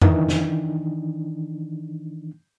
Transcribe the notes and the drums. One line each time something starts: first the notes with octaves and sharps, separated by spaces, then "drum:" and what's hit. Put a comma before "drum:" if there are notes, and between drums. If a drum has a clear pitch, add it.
D#3 E3 D4 D#4, drum: tom F2
drum: snare